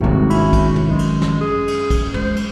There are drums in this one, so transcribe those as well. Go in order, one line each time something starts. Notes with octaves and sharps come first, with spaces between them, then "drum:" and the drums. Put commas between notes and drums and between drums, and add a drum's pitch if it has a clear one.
G#1 G2 C3 D#3 A#3 F#4
C#4 E4, drum: cymbal
drum: kick, cymbal
drum: tom
F#2 G#3
drum: cymbal
drum: snare
G#4
drum: cymbal
drum: kick, cymbal
G#3 C5, drum: tom
drum: cymbal